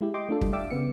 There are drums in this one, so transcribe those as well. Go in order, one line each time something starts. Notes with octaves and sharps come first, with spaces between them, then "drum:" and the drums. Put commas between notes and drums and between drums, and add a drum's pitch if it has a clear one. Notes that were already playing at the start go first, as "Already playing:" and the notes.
G#3 E4 G4
D#5 G5 C6 D6
A3 D4 F4 A4
G3, drum: kick
D5 E5 F5 G5 D6 E6
C#3 B3 C#7